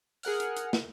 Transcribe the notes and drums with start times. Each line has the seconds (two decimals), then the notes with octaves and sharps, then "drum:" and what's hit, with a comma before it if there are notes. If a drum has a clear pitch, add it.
0.23 G#4 A#4 F#5 F6, drum: open hi-hat
0.40 drum: hi-hat
0.57 drum: hi-hat
0.73 drum: snare